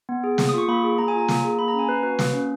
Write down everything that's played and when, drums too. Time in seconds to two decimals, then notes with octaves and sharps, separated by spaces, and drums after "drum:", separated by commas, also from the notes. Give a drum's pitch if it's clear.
0.09 B3
0.24 G#4
0.38 A#3, drum: snare
0.49 D#6
0.53 F4 C#6
0.69 A#3 B5
0.84 G#4
0.98 A#3 A#5
1.08 G#5
1.13 F4
1.18 A#5
1.28 A#3, drum: snare
1.44 G#4
1.59 A#3 B5
1.68 A#5
1.74 C#4
1.79 G#5
1.88 A#3 B4
2.03 F#4 B4
2.19 A#3, drum: snare
2.33 C#4